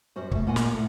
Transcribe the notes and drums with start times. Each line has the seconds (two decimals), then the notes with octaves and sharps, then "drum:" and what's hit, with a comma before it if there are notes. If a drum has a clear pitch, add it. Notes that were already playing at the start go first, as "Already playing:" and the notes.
0.16 F#2 G3 F#4 C5
0.31 A3 B3, drum: kick
0.47 A#2 A#3 F4 D5 F#5 G#5
0.56 drum: snare
0.72 A2 A4 F#5